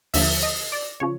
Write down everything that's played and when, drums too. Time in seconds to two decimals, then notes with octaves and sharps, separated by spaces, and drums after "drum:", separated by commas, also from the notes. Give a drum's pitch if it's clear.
0.14 D#2 D3 F3 E5, drum: open hi-hat
0.43 D#5
0.72 D5
1.00 C#3 F3 C#5